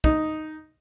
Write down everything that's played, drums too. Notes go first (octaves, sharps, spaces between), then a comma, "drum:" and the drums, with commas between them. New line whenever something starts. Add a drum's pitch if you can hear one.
D#4, drum: kick